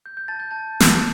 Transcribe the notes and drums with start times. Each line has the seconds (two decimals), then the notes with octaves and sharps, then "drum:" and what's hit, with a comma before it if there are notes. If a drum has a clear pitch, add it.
0.06 G6
0.17 G6
0.28 A5 A6
0.40 G6
0.51 A5 A6
0.80 drum: snare